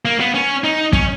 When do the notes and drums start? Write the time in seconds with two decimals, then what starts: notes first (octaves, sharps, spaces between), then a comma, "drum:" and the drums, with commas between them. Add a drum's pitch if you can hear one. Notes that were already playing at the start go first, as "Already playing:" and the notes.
0.05 A#3
0.20 B3
0.34 C#4
0.64 D#4
0.93 C#4, drum: kick